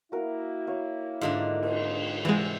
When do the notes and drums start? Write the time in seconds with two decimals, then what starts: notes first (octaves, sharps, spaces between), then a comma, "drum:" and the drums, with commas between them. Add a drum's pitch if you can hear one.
0.12 A#3 E4 F#4 A#4 F5
0.67 C#5 F5
1.21 G#2 D3 D4 F4 D#5 F5
1.63 C6, drum: cymbal
2.25 C3 E3 G3 G#3 C4 F#5